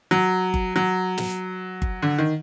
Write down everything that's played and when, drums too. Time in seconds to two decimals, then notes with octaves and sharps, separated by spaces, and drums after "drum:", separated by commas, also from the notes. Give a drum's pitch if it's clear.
0.11 F#3
0.54 drum: kick G1
0.76 F#3
1.18 drum: snare
1.82 drum: kick G1
2.02 D3
2.18 D#3